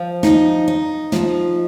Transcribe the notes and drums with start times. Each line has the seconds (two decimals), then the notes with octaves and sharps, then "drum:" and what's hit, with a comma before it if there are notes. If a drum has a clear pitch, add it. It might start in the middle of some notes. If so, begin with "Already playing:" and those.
Already playing: F3
0.23 D#4, drum: snare
0.68 D#4
1.12 F3, drum: snare